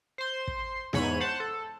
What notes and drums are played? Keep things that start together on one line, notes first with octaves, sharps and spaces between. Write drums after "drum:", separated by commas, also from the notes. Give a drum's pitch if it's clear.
C5 C6
drum: kick
E2 G#2 C#5 B5 D#7, drum: snare
C5 F#5 A5
A4